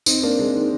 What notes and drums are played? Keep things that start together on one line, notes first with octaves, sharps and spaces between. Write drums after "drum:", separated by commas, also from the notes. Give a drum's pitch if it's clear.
C4 D#4, drum: tambourine
A#3 D4
G#3 C4
D#3